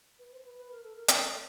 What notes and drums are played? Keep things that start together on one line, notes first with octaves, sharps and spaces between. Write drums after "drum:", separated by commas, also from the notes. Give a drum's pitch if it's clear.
B4
C5
B4
B4
A#4
A4
A#4
drum: hi-hat
A4